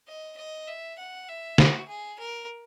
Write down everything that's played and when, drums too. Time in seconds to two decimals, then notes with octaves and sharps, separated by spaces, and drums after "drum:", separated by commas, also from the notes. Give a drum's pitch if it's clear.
0.08 D#5
0.38 D#5
0.68 E5
0.99 F#5
1.29 E5
1.58 F#4, drum: snare
1.89 G#4
2.20 A#4